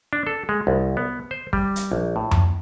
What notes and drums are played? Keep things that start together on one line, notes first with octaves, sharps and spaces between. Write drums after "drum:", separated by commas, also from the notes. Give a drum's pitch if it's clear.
D4
A4
G#3
C2
B3
C5
G3, drum: kick
drum: hi-hat
A#1
A2
drum: tom F2